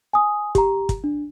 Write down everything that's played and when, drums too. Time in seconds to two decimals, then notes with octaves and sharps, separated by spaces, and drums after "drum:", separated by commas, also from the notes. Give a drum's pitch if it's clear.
0.13 G#5 D#6
0.55 G4 A#5, drum: kick, hi-hat
0.89 drum: kick, hi-hat
1.04 D4